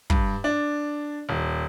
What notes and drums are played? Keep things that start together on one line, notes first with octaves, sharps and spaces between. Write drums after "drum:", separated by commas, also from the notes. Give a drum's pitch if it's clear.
G2, drum: kick
D4
D#1